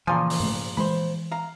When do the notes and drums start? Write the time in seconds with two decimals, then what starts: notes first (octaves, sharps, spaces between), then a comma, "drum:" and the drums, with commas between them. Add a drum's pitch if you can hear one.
0.07 A#2 C#3 E3 F3 G#5
0.30 drum: open hi-hat
0.40 G#2 A3
0.77 E3 G#3 C5 B5
1.32 F5 A#5